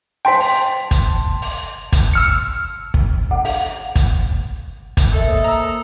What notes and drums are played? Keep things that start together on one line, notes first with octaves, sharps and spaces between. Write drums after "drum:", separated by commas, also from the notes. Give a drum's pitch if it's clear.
C5 G5 A5 C6 B6
drum: open hi-hat
drum: kick, hi-hat
drum: open hi-hat
drum: kick, hi-hat
E6 F6 C#7
drum: kick
F#5
F5, drum: open hi-hat
drum: kick, hi-hat
drum: kick, hi-hat
A4 A#4 D#5 E5
A#3 C5 D#6
A#5 E6